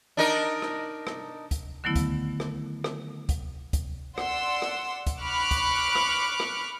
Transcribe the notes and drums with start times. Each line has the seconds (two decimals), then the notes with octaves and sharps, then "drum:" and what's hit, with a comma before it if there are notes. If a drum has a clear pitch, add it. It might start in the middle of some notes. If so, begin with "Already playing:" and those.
0.17 D4 D#4 A#4
0.62 drum: rim click
1.07 drum: rim click
1.51 drum: kick C#2, hi-hat
1.84 D3 D#3 F#3 A3 B3 E4
1.96 drum: kick C#2, hi-hat
2.40 drum: rim click
2.84 drum: rim click
3.29 drum: kick C#2, hi-hat
3.73 drum: kick C#2, hi-hat
4.18 D5 F#5 C6 E6, drum: rim click
4.62 drum: rim click
5.07 drum: kick C#2, hi-hat
5.21 B5 C#6 D6 F6 F#6
5.51 drum: kick C#2, hi-hat
5.95 drum: rim click
6.40 drum: rim click